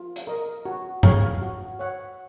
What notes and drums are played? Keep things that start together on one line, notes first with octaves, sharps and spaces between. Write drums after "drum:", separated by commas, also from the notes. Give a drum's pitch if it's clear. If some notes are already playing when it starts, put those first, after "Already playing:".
Already playing: F4
drum: hi-hat
A#4 D#5
F#4
C#5 F5, drum: tom G2
F#4
C#5 F#5